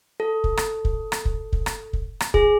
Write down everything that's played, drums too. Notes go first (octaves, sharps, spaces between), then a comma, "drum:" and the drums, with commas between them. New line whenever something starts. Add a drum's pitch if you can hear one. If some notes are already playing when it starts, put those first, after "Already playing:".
A4
drum: kick
drum: rim click
drum: kick
drum: rim click
drum: kick
drum: kick
drum: rim click
drum: kick
drum: rim click
G#4, drum: kick